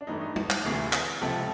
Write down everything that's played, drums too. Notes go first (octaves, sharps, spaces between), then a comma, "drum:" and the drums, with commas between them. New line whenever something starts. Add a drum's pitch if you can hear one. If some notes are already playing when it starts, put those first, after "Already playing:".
D4
G2 E3 A3 D#4
D#4
drum: tom
drum: clap
D2 C3 E3 A3 G#4
drum: clap
C#2 C3 F3 A4